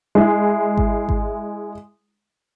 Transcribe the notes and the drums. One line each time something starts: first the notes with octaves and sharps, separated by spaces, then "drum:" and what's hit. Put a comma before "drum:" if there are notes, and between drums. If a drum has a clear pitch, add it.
G#3 E4
drum: kick G#1
drum: kick G#1